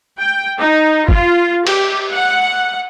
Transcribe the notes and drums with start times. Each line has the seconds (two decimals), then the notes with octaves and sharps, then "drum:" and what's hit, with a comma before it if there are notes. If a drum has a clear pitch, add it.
0.19 G5
0.60 D#4
1.09 F4, drum: kick
1.67 G4, drum: cymbal
2.11 F#5